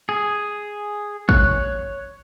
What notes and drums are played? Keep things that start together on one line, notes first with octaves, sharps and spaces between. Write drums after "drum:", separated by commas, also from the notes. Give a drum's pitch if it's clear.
G#4
C#5 F#6, drum: kick